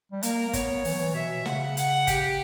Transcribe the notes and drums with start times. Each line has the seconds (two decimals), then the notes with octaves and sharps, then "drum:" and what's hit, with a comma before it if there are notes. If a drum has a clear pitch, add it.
0.12 G3
0.23 A#3 A#4, drum: hi-hat
0.49 A#3
0.53 B3 C#5, drum: kick, hi-hat
0.85 E3, drum: open hi-hat
0.93 F#3
1.00 E3
1.15 B2 E5
1.42 B2
1.46 C#3 F#5, drum: snare
1.77 F#5, drum: hi-hat
2.07 G4, drum: kick, hi-hat